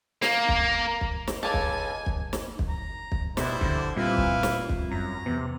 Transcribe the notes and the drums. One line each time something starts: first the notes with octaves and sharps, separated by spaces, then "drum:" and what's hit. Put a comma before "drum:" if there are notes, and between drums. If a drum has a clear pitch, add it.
A#3, drum: snare
drum: kick
drum: kick
drum: snare
C#2 A#3 A4 G#5 A5
drum: kick
drum: kick
drum: snare
drum: kick
A#5
drum: kick
B2 G3 E4 C5, drum: snare
D3, drum: kick
A#2 G3 C4 E4 F4 B4 F5
drum: kick
drum: snare
drum: kick
F#2 A#5
E2 C3 B3